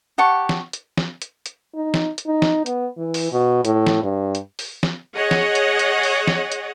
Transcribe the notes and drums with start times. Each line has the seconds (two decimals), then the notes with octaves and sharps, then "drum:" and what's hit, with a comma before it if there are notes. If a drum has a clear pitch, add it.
0.18 G4 F#5 A5 C#6
0.49 drum: snare
0.73 drum: hi-hat
0.97 drum: snare
1.22 drum: hi-hat
1.46 drum: hi-hat
1.75 D#4
1.94 drum: snare
2.18 drum: hi-hat
2.27 D#4
2.42 drum: snare
2.66 B3, drum: hi-hat
2.98 E3
3.14 drum: open hi-hat
3.32 B2
3.65 A2, drum: hi-hat
3.87 drum: snare
4.03 G2
4.35 drum: hi-hat
4.59 drum: open hi-hat
4.83 drum: snare
5.15 G#4 C#5 D#5 F#5
5.31 drum: snare
5.55 drum: hi-hat
5.79 drum: hi-hat
6.03 drum: open hi-hat
6.27 drum: snare
6.52 drum: hi-hat